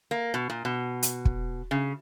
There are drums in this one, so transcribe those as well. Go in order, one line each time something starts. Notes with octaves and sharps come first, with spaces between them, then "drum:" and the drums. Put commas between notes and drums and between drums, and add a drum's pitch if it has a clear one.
A#3
B2
A#2
B2
drum: hi-hat
drum: kick
C#3